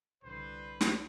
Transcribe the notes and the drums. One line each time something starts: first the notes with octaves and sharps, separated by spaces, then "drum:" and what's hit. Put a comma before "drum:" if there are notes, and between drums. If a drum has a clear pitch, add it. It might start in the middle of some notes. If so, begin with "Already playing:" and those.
C2 D3 B4 C5
drum: snare